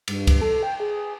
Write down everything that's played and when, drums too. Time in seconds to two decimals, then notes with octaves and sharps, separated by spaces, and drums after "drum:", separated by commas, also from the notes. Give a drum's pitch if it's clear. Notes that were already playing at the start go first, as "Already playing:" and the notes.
0.08 G2, drum: cymbal
0.27 drum: kick, cymbal
0.41 A4
0.63 G5
0.80 G#4